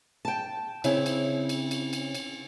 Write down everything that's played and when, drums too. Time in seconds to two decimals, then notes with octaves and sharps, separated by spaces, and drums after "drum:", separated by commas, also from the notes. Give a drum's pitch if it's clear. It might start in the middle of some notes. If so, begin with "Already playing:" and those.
0.25 G5 A5
0.84 C#3 C4 E4, drum: cymbal
1.06 drum: cymbal
1.49 drum: cymbal
1.71 drum: cymbal
1.93 drum: cymbal
2.15 drum: cymbal